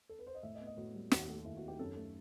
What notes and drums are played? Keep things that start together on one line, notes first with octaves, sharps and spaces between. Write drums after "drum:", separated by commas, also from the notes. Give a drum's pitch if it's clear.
A4
B4
C5
D#5
A2 E5
D#5
B3
D#5
A2 F#4
G3
D#2, drum: snare
A3
D#2 E4
F#4
D#3
G4
F#2 A4
A3